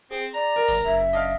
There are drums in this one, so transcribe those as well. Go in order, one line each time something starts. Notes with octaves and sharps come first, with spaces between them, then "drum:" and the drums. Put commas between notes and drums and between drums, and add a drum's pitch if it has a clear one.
C4 G#4
D5 A#5
A#4
G#1, drum: open hi-hat
F#1 E5
D4 D#5 F5 F6